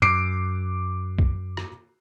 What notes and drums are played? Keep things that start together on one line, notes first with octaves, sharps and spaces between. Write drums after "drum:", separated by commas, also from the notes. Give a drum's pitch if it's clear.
F#2 D6 C7 D7
drum: kick
drum: rim click